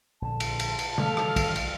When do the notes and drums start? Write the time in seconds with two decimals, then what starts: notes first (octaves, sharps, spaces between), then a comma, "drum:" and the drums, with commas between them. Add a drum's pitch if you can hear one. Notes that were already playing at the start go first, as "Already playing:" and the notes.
0.22 A#1 D3 A5
0.40 drum: cymbal
0.59 drum: cymbal
0.79 drum: cymbal
0.98 D#3 E3 G3 A4 F5, drum: tom C#3
1.17 drum: rim click
1.36 drum: kick, cymbal
1.55 drum: cymbal